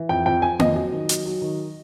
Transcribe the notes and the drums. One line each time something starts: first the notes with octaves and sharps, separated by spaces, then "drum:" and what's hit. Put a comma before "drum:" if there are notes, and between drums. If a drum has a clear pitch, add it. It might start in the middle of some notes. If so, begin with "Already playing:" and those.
Already playing: E3
F2 G5
F2 G5
F3 G#5
F2 D#5, drum: tom A#3
F#3 D#5
D#3
F#3, drum: hi-hat
F#3
D#3